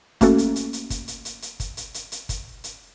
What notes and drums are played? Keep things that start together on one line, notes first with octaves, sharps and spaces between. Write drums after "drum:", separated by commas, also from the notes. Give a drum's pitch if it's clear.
A3 A#3 C#4 F#4 A4, drum: kick, hi-hat
drum: hi-hat
drum: hi-hat
drum: hi-hat
drum: kick, hi-hat
drum: hi-hat
drum: hi-hat
drum: hi-hat
drum: kick, hi-hat
drum: hi-hat
drum: hi-hat
drum: hi-hat
drum: kick, hi-hat
drum: hi-hat